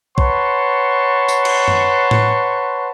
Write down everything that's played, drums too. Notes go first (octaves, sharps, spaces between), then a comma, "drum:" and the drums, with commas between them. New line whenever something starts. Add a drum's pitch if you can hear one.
B4 C#5 F#5 A5 C6 C#6, drum: kick
drum: tambourine
drum: cymbal
drum: tom F#2
drum: tom A2